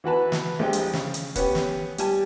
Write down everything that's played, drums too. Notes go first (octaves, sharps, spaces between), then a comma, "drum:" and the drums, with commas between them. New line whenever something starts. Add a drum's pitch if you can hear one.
E3 F#4 B4 A5
drum: snare
A#1 G#3 C4 G4 G5
drum: hi-hat
C#3, drum: snare
drum: hi-hat
B3 C#4 G4, drum: kick, hi-hat
drum: snare
G3 G4 G#5 A5, drum: hi-hat